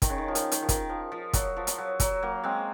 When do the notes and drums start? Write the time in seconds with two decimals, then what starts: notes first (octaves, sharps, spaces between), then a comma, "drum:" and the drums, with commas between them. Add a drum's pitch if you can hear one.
0.02 D#3, drum: kick, hi-hat
0.10 C#3
0.18 D#3
0.28 F3
0.35 D#3, drum: hi-hat
0.52 D#3, drum: hi-hat
0.62 F3
0.69 D#3, drum: kick, hi-hat
0.90 F3
1.12 F3
1.33 F#3, drum: kick, hi-hat
1.57 F3
1.67 drum: hi-hat
1.78 F#3
2.00 F#3, drum: kick, hi-hat
2.23 F#3 A#3
2.44 G#3 C4